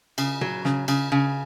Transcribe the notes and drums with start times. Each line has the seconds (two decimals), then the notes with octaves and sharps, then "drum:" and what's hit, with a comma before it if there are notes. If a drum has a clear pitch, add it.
0.18 C#3, drum: cymbal
0.41 F#3, drum: tom A#2
0.65 C#3, drum: snare
0.88 C#3, drum: cymbal
1.12 C#3